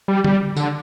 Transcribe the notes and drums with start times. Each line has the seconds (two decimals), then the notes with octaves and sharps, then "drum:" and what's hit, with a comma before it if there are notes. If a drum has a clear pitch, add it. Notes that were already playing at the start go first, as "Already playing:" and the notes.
0.08 G3
0.24 G3, drum: tom D3
0.57 D3, drum: tambourine